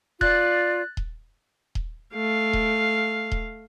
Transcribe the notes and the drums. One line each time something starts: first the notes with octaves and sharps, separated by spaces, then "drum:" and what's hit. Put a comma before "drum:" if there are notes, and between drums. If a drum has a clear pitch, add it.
F4 D5 F#6 A6, drum: kick D#1
drum: kick D#1
drum: kick D#1
A3 F5
drum: kick D#1
drum: kick D#1